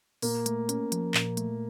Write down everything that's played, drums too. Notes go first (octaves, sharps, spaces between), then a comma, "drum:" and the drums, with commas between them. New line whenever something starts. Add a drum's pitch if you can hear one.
A#2 A#3, drum: open hi-hat
A3, drum: hi-hat
C#4, drum: hi-hat
F3, drum: hi-hat
A#2, drum: clap
A3, drum: hi-hat